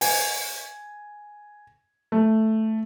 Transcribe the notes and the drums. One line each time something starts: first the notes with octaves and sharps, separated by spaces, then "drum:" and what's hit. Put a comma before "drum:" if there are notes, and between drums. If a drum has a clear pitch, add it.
G#5, drum: open hi-hat
A3